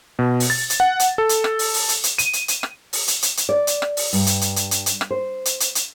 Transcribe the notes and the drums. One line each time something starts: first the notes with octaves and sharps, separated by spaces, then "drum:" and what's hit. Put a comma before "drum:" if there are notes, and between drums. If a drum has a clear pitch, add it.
B2
drum: open hi-hat
A6
drum: hi-hat
F#5
drum: hi-hat
A4
drum: hi-hat
drum: rim click
drum: open hi-hat
drum: open hi-hat
drum: hi-hat
drum: hi-hat
D#7, drum: hi-hat
drum: hi-hat
drum: hi-hat
drum: rim click
drum: open hi-hat
drum: hi-hat
drum: hi-hat
drum: hi-hat
D5
drum: hi-hat
drum: rim click
drum: open hi-hat
G2, drum: open hi-hat
drum: hi-hat
drum: hi-hat
drum: hi-hat
drum: hi-hat
drum: hi-hat
drum: rim click
C5
drum: hi-hat
drum: hi-hat
drum: hi-hat